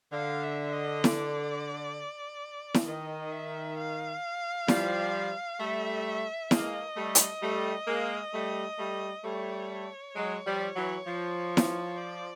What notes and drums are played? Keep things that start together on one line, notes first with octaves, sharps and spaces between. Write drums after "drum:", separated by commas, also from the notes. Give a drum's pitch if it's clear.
D3 F5
E5
D#5
D5, drum: snare E4
drum: snare E4
D#3 D#5
E5
F5
F3 G3, drum: snare E4
G3 A3 E5
G#3 A#3 D#5, drum: snare E4
G3 A3
drum: hi-hat
G3 A3
G#3 A#3
G3 A3
G3 A3
G3 A3 C#5
F#3 G#3
F3 G3
E3 F#3
F3
drum: snare E4
D5